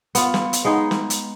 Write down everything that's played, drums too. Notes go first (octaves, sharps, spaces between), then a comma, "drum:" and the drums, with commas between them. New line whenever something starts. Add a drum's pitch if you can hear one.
B3 F4, drum: hi-hat
drum: snare
drum: hi-hat
G#3 B3 D#4 G#4
drum: snare
drum: hi-hat